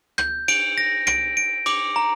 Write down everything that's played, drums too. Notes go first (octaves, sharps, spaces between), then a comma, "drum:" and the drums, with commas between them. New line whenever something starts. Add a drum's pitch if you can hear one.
G6, drum: rim click
D7, drum: cymbal
A#6
D7, drum: rim click
D7
D6, drum: cymbal
A#5